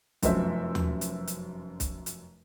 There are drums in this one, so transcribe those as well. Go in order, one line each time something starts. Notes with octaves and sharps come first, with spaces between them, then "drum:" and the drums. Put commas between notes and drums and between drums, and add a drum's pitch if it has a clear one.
F1 F#2 C5 E5, drum: kick B1, hi-hat
drum: tom D#2
drum: hi-hat
drum: hi-hat
drum: kick B1, hi-hat
drum: hi-hat